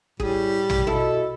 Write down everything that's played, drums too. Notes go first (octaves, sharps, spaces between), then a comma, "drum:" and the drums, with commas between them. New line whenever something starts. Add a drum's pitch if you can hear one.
A2 G3 G#4, drum: kick
drum: tom
B2 E4 A4